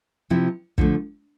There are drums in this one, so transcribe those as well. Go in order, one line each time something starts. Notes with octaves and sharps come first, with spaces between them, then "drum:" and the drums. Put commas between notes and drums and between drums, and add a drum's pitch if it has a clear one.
C3 F3 C4 E4
D3 F3 A3, drum: kick